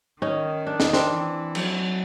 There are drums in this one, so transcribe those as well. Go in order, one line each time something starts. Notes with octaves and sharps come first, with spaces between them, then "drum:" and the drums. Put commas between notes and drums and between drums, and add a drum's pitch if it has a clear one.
D#3 C#4 D#4
D4
D#4, drum: snare
C4 D4, drum: snare
E3
F#3, drum: cymbal